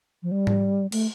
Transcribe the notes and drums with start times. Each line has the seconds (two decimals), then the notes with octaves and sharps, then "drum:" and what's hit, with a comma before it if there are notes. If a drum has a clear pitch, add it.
0.23 F3
0.31 G3
0.47 drum: tom G#2
0.92 A3, drum: cymbal